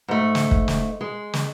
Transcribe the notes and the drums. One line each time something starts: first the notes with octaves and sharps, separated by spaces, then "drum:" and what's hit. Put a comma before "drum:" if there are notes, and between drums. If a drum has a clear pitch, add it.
G#2 A3
drum: snare
drum: kick
drum: snare
G#3
drum: snare